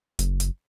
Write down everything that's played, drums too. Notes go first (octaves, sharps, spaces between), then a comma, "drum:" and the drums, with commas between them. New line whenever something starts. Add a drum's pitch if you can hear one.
F#1, drum: hi-hat
drum: hi-hat